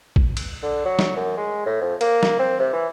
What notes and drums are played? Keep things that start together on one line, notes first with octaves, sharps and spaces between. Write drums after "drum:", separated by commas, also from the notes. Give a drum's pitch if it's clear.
drum: kick
drum: cymbal
D3
F#3
drum: snare
F#2
G#3
A2
F2
A#3, drum: cymbal
drum: snare
C4
C3
E3